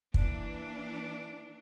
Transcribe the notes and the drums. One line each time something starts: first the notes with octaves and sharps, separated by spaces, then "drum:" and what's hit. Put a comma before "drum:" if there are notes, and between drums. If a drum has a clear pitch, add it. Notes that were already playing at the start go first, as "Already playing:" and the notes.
E3 A#3 D4, drum: kick